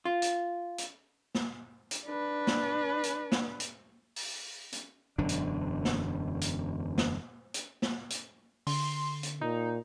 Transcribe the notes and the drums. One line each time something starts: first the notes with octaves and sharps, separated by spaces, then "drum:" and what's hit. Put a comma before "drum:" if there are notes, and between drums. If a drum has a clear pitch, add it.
F4
drum: hi-hat
drum: hi-hat
drum: snare
drum: hi-hat
D4 B4
drum: snare
drum: hi-hat
drum: snare
drum: hi-hat
drum: open hi-hat
drum: hi-hat
E1 F#2 D3 D4
drum: hi-hat
drum: snare
drum: hi-hat
drum: snare
drum: hi-hat
drum: snare
drum: hi-hat
D3 C6, drum: open hi-hat
drum: hi-hat
A#2 D#4